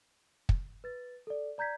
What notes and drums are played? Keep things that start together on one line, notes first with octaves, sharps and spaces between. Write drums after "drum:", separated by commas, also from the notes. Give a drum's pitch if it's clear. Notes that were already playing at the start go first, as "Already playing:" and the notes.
drum: kick
B4 A6
A4 D5
D5 A#5 G6 G#6 B6